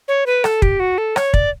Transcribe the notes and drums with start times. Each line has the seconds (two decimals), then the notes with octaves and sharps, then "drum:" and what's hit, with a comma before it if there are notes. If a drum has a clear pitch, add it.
0.08 C#5
0.26 B4
0.44 A4, drum: rim click
0.62 G4, drum: kick
0.80 F#4
0.98 A4
1.16 C#5, drum: rim click
1.34 D5, drum: kick